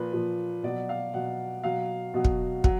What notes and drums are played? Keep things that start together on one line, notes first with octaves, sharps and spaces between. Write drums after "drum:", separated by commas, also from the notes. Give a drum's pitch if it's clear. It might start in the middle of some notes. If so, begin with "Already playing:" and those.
Already playing: A#2 F3 B4
A#2 F3
B2 F#3 D5
F5
B2 F#3 F#5
B2 F#3 F5
B2 F#3
drum: kick
F#3, drum: kick